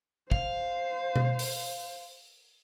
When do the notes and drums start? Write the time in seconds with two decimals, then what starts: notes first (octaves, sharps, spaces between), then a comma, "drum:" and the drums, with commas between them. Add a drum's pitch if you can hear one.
0.31 C5 F5, drum: kick
1.16 drum: tom B2
1.39 drum: open hi-hat